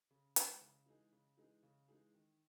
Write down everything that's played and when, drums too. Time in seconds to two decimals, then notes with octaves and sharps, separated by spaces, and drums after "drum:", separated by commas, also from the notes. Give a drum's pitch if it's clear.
0.11 C#3
0.36 E3 G#3 D#4 G#4, drum: hi-hat
0.61 C#3
0.86 E3 G#3 D#4 G#4
1.12 C#3
1.37 E3 G#3 D#4 G#4
1.63 C#3
1.88 E3 G#3 D#4 G#4
2.14 D#3